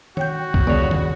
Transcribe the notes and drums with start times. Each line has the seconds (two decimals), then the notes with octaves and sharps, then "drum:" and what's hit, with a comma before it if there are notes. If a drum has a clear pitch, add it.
0.17 F#4 C#5 G5 G6, drum: tom
0.54 drum: kick B1
0.67 G1 E2 C#3 C#5 D5
0.91 drum: tom